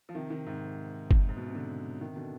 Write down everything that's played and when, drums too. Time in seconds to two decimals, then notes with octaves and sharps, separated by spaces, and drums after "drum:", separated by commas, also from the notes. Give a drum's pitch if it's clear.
0.09 F3
0.15 C3 D#3
0.30 C3 D#3
0.46 G#2 C3
1.11 drum: kick F#1
1.29 G#2
1.37 B2
1.46 C3
1.55 B2 D3
2.01 C3 D#3
2.16 B2 D3